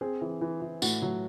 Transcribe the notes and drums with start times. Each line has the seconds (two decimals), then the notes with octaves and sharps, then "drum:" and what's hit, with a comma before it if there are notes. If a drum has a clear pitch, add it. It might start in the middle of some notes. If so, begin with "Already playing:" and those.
0.01 C4 G#4
0.21 E3
0.41 E3
0.62 E3
0.82 A2 F#4, drum: tambourine
1.02 F#3